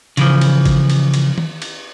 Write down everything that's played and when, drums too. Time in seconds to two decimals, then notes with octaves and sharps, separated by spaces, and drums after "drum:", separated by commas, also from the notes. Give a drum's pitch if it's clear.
0.17 C#3 E3 F3, drum: cymbal
0.41 drum: cymbal
0.65 drum: kick, cymbal
0.90 drum: cymbal
1.14 drum: cymbal
1.38 drum: tom D#3
1.62 drum: cymbal